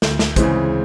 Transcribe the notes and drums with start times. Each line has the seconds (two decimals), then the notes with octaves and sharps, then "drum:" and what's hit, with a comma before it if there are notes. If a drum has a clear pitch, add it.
0.02 D2, drum: snare
0.19 drum: snare
0.36 C#3 E3 G#3 C4, drum: kick, hi-hat